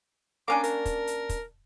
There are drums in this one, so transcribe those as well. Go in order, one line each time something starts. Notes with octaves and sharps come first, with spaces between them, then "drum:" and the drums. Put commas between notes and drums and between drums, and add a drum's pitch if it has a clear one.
A#3 C#4 D4 D6
A#4, drum: hi-hat
drum: kick, hi-hat
drum: hi-hat
drum: kick, hi-hat